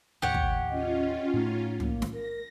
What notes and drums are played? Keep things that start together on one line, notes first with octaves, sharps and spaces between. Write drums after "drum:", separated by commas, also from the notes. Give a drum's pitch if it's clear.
D#2 A2 C#3 G4 C#5 F#5
drum: kick
C#4 F4 D#5
A2 A3 D#4
A#3, drum: tom
drum: snare
A#4 A#6